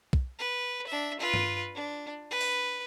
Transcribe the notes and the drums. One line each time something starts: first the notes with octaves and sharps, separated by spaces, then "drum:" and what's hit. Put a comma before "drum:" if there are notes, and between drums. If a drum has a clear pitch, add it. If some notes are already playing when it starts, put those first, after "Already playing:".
drum: kick B1
B4
D4 E5
F4 B4
drum: tom G2
D4
B4
drum: open hi-hat